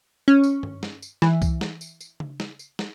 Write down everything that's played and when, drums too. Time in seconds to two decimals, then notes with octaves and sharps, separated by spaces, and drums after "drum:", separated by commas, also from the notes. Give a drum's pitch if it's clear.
0.28 C#4
0.44 drum: tambourine
0.63 drum: tom
0.83 drum: snare
1.02 drum: tambourine
1.22 E3, drum: snare
1.42 drum: kick C2, tambourine
1.61 drum: snare
1.81 drum: tambourine
2.01 drum: tambourine
2.20 drum: tom C#3
2.40 drum: snare
2.59 drum: tambourine
2.79 drum: snare